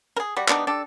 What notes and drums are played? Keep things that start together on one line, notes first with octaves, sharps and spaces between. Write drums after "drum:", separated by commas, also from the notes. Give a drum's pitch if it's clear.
G#4 A#4
G3 F#4
G3 B3 D4 D#4, drum: clap
D4 G4 A4